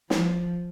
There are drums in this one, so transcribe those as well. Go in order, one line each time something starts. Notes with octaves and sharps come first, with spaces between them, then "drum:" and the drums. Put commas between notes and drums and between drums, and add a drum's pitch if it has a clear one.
F3, drum: snare